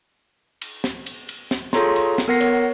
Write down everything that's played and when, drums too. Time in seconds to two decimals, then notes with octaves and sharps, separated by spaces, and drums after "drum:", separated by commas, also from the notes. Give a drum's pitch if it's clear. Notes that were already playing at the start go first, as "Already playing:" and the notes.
0.62 drum: cymbal
0.84 drum: snare
1.06 drum: cymbal
1.29 drum: cymbal
1.51 drum: snare
1.73 F4 G#4 A4 C#5 A#5 C6, drum: snare
1.96 drum: cymbal
2.18 drum: snare
2.28 B3 A#4 F#5 A#6 C7
2.41 C#5, drum: cymbal